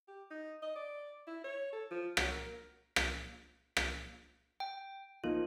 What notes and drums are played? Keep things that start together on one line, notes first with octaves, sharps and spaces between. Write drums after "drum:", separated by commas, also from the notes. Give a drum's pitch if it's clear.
G4
D#4
D#5
D5
E4
C#5
A4
F3
F#3, drum: rim click
A#4
drum: rim click
drum: rim click
G5
F3 A#3 D#4 F4